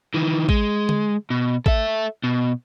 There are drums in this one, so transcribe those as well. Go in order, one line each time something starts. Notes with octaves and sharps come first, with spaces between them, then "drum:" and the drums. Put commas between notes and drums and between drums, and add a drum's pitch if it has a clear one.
D#3 E3
G#3, drum: kick
drum: tom D3
B2
A4 E5, drum: kick
B2